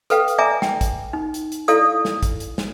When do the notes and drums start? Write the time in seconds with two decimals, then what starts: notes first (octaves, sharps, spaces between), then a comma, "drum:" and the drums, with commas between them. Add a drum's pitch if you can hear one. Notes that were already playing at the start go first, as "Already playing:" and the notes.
0.10 A4 B4 F5 G5, drum: hi-hat
0.28 drum: hi-hat
0.38 D5 E5 G#5 A#5 D6
0.62 G5, drum: snare
0.81 drum: kick, hi-hat
1.13 D#4
1.34 drum: hi-hat
1.52 drum: hi-hat
1.68 E4 A4 D5 F5 D#6, drum: hi-hat
2.05 drum: snare
2.23 drum: kick, hi-hat
2.40 drum: hi-hat
2.58 drum: snare